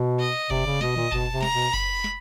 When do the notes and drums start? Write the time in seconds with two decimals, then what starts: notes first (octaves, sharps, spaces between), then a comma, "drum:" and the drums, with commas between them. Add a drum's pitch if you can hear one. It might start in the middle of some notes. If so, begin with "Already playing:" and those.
Already playing: B2
0.20 D#5
0.50 C3 D5, drum: kick F#1
0.66 C#3
0.81 B2 D#5, drum: snare
0.96 A#2, drum: tom
1.12 B2 A5, drum: kick F#1
1.32 C3
1.42 A#5, drum: snare
1.53 B2
1.73 B5, drum: kick F#1
2.04 drum: snare